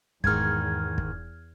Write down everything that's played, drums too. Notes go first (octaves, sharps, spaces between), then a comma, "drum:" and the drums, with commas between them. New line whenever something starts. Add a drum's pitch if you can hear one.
E2 G#2 D#3 F6 G#6, drum: kick
drum: kick